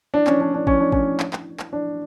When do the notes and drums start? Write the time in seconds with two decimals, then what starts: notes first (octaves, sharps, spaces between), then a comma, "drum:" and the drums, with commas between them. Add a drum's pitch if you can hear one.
0.14 D4
0.27 C#4, drum: clap
0.41 D4
0.54 D4
0.67 C#4, drum: kick
0.80 D4
0.92 C#4, drum: kick
1.20 drum: clap
1.33 drum: clap
1.60 drum: clap
1.73 D4